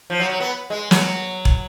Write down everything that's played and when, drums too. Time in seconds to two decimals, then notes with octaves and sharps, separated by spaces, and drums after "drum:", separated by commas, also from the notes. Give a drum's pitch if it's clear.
0.10 F3
0.20 F#3
0.30 F#3
0.41 B3
0.70 G#3
0.91 F#3, drum: snare
1.45 drum: kick